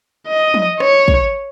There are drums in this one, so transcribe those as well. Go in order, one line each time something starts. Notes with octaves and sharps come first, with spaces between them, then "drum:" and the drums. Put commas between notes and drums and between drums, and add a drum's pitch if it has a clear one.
D#5
drum: tom F3
C#5, drum: rim click
drum: kick